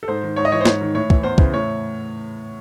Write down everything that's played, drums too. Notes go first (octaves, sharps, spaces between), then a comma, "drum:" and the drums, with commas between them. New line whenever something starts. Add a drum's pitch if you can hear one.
A4
G#2 C5
D#3
G#2 C#5
D#5
E3 C#5
C5
G#2 C#5, drum: snare
D#3
A2 C#5
E3, drum: kick
E2 C5
C#3 E3, drum: kick
A2 C#5